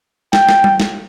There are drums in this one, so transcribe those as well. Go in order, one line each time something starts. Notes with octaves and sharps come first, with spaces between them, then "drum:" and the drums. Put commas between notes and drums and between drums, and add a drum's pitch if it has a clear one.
G5, drum: snare
drum: snare
drum: tom G3
drum: snare